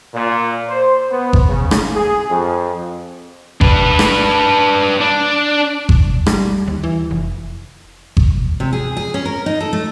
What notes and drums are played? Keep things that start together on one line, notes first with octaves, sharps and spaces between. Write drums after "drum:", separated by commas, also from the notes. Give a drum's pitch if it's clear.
A#2
C5
B3
drum: kick G1
C#3
drum: rim click
G#4
F2
D4 B4, drum: kick G1
drum: rim click
D4
drum: kick G1
G3, drum: rim click
D#2
E3
F1
drum: kick G1
C3
G#4
G#4
C#4
A#4
D#4
A4
A3